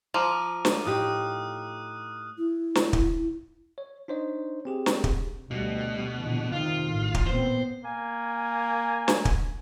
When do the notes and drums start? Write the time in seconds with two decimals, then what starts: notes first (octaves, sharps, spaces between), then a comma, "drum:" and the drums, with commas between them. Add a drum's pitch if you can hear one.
0.14 F3 A#5 D6 F6 D#7
0.65 drum: snare
0.85 A2 D#4 G4 D#6 F#6
2.38 E4
2.75 drum: snare
2.93 drum: kick
3.78 C#5
4.08 D4 D#4 C5 C#5 D#5
4.65 C4 G4 G#4
4.86 drum: snare
5.04 drum: kick
5.51 D2 B2 G3 A3
6.17 E2 A#2 D3
6.52 F1 C3 D#3 F4
6.88 A1 A2
7.15 drum: kick
7.26 A#2 B3 C4 C5
7.85 A#3 G#5
9.08 drum: snare
9.25 drum: kick